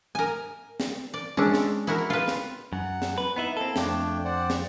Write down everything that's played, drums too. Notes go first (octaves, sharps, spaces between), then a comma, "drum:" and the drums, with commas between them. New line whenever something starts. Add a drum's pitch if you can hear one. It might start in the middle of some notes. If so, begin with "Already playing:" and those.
A#4 G#5
drum: snare
D5
G#3 C#4 D4 E6
drum: snare
E4 F#4 A#4
F4 B4
drum: snare
F#2 F#5
drum: snare
B4
B3 D#4 E4 F#6
A#3 C4 E4 A4
F2 A3 D4 G5, drum: snare
C5 D5 F#5
drum: snare